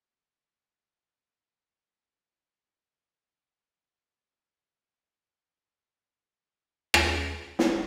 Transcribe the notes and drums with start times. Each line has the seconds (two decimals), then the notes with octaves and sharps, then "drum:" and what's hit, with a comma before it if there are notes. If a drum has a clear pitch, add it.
0.09 E3
0.41 G3
0.53 A#3
0.57 G#3
0.74 G3
0.85 G#3
0.89 A#3
1.05 G#3 E4
1.14 A#3
1.21 G#3
1.37 B3 D#4
1.54 A#3
1.69 A#3 E4
2.02 A#3
2.10 B3
2.18 A#3
2.33 B3 D#4
2.93 B3
2.98 A#3
3.14 G3
3.31 D#3
3.46 C#3
3.62 E4
4.27 B2
4.59 G#2
4.91 G2 D#4
5.55 G#2 A#3
5.87 B2
6.19 C#3 G#3
6.35 D#3
6.46 G3
6.52 E3
6.60 G3
6.94 drum: rim click
7.59 drum: snare